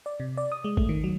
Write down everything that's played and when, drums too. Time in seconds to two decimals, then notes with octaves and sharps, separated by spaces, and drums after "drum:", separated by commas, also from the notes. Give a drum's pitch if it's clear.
0.06 D5
0.20 C3
0.37 D5
0.52 D#6
0.64 G#3
0.77 A3, drum: kick G#1
0.89 D#3
1.04 F#3